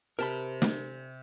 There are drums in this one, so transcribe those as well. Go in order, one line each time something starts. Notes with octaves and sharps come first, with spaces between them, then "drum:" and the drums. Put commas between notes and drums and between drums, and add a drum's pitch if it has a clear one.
C3 A#4 G5 A5 B5
drum: snare